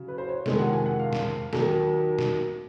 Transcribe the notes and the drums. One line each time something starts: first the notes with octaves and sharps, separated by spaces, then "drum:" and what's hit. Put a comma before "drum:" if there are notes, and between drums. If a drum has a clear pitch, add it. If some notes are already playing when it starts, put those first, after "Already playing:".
Already playing: C#3 F#3
B4
C5
C#5
F2 C3 D#3 G#3, drum: snare
F#5
G#5
F#5
F5
drum: snare
D#2 D#3 F#3, drum: snare
drum: snare